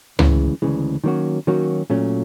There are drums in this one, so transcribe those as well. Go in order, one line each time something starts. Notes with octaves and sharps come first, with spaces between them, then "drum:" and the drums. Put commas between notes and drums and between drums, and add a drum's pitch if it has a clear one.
D2 C#3 E3 G#3, drum: tom C#2
D2 C#3 E3 G#3
D#3 F#3 A#3 C#4 F#4
D#3 F#3 A#3 C#4 F#4
A#2 F#3 A3 C#4